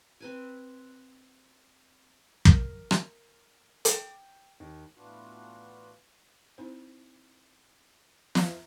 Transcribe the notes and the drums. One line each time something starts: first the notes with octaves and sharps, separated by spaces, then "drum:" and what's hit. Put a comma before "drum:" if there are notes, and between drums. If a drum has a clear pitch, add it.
C4 B4 G#5
A#4, drum: kick
drum: rim click
G5, drum: hi-hat
D#2
A2 E3 B3 D4 F4 F#4
C4 D#4 E4 C5
drum: snare